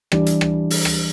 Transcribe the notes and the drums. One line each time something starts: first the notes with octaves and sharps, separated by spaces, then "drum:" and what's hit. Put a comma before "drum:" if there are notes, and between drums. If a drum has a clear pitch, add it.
E3 G3 D4 G4 D5, drum: rim click
drum: hi-hat
drum: rim click
drum: open hi-hat
drum: rim click